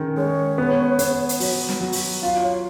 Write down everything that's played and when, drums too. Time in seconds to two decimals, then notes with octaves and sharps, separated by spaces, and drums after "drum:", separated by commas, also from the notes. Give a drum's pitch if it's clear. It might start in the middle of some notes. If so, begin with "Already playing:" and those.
Already playing: D#3 G#3 C#4
0.17 G#3 C#5
0.58 B3
0.99 B3, drum: hi-hat
1.29 drum: hi-hat
1.40 F#3, drum: open hi-hat
1.69 drum: snare
1.81 F#3
1.92 drum: open hi-hat
2.22 F4 F5
2.43 C#5